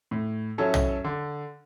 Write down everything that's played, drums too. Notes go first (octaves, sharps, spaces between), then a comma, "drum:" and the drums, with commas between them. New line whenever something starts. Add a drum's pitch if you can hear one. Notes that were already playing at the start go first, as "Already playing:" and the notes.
A2
F#3 C#4 E4 A4
drum: tom
D3